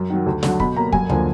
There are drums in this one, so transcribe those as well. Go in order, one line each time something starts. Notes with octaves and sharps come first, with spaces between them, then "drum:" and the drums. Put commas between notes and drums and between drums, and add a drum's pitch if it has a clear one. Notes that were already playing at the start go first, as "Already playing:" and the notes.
Already playing: F#2
D#3 F#3
D2
D3 F#3, drum: snare
B2 B5, drum: kick
A#3 A#5
F#2 G#5, drum: kick
D3 F3 A#3, drum: tom D2